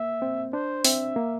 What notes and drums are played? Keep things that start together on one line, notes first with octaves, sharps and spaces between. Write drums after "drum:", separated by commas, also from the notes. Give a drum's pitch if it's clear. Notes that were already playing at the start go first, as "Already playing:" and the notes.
Already playing: A#3 E5
C4
D4 C5
C4 E5, drum: open hi-hat
A#3